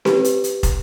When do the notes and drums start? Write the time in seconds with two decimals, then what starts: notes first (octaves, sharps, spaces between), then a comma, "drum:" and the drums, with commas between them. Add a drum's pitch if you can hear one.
0.05 G4 B4, drum: snare C4
0.24 drum: hi-hat
0.44 drum: hi-hat
0.63 drum: kick, hi-hat